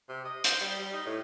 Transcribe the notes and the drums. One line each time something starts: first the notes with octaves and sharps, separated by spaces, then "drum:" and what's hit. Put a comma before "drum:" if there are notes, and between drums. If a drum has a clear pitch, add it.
C3
D#5
C5, drum: hi-hat
G3
G3
D#4
A2